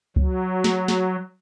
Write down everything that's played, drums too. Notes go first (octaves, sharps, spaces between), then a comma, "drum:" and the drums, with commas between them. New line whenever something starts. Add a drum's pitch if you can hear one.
F#3, drum: kick C#2
drum: snare
drum: snare